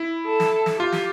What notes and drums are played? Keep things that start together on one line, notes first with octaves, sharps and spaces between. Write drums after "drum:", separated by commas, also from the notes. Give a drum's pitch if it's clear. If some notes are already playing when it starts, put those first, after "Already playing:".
Already playing: E4
A4
drum: snare
drum: snare
F4 G4
drum: snare